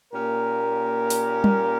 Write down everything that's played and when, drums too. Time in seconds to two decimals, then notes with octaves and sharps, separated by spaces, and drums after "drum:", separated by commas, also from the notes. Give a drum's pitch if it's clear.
0.11 A#2 A#3 C#4 G4 A#4
1.10 drum: open hi-hat
1.44 drum: tom G3